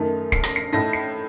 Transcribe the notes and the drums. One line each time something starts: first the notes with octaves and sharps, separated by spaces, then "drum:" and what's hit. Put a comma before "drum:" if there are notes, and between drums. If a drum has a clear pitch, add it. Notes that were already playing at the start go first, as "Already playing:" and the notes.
Already playing: F#2 D#3 A3 D#4
C7, drum: kick
A#6, drum: rim click
C7
A2 A3 D#4 A#6
C7